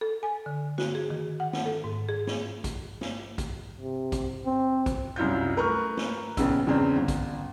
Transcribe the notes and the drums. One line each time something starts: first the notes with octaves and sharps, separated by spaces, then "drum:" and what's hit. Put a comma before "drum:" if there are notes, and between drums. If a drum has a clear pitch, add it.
A4
G#5
D3
F#4, drum: snare
G#4
D#3
F#5
drum: snare
A4
G#2
G#4
drum: snare
drum: kick, hi-hat
drum: snare
drum: kick, hi-hat
C3
drum: kick, hi-hat
C4
drum: kick, hi-hat
C2 F#2 E4 F4 G6
A3 A#4 B4 C#6 F#6
drum: snare
A#1 C#3 B3 E6, drum: kick, hi-hat
E2 C#3 C4 D4
G1
drum: kick, hi-hat